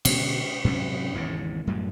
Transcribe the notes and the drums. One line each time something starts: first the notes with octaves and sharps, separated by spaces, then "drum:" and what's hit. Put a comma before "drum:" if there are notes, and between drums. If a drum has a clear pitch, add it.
B2 D3 G#3, drum: cymbal
G#2 C3 F#3 C#4
G#1 E2 G#2 C#3
F#2 A2 F#3 G3